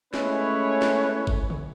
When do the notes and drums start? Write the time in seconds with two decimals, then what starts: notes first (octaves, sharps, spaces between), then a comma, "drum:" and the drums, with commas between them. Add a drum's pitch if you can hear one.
0.14 G#3 A3 C#4 E4 B4 C#5, drum: snare
0.82 drum: snare
1.27 drum: kick
1.50 drum: tom